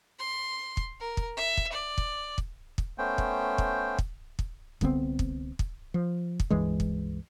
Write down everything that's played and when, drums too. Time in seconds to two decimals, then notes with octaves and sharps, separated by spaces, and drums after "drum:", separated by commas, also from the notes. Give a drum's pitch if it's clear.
0.19 C6
0.77 drum: kick
1.00 A#4
1.17 drum: kick
1.37 E5
1.57 drum: kick
1.72 D5
1.98 drum: kick
2.38 drum: kick
2.78 drum: kick
2.98 A3 B3 C#4 C5 G5
3.18 drum: kick
3.58 drum: kick
3.98 drum: kick
4.39 drum: kick
4.81 C2 D3 B3 C4, drum: kick
5.19 drum: kick
5.59 drum: kick
5.94 F3
6.40 drum: kick
6.50 C#2 G2 E3 G#3
6.80 drum: kick